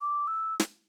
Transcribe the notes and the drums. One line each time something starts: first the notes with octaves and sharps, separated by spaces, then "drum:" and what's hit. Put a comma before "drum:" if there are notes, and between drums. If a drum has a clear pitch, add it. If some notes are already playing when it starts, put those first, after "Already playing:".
D6
E6
drum: snare